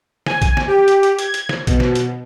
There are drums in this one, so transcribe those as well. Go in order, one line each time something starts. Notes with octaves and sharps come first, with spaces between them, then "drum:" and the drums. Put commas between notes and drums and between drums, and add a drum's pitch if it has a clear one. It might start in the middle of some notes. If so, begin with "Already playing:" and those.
G#5, drum: snare
drum: kick A#1, hi-hat
drum: snare
G4
drum: hi-hat
drum: hi-hat
G#6, drum: hi-hat
drum: hi-hat
drum: snare
B2, drum: kick A#1, hi-hat
drum: snare
drum: hi-hat